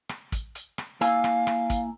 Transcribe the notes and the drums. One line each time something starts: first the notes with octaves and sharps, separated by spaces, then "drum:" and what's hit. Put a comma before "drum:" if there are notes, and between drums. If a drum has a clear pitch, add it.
drum: rim click
drum: kick, hi-hat
drum: hi-hat
drum: rim click
A#3 E4 F5 G#5, drum: hi-hat
drum: rim click
drum: rim click
drum: kick, hi-hat